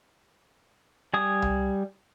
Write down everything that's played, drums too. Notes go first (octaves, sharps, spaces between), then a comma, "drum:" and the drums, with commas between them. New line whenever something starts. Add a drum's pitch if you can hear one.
G3 G#5 D#6
drum: tom C2